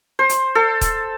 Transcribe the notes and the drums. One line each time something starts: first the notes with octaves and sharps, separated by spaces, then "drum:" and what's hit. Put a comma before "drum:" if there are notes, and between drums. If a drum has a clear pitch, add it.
C5
drum: hi-hat
A4
drum: kick D#1, hi-hat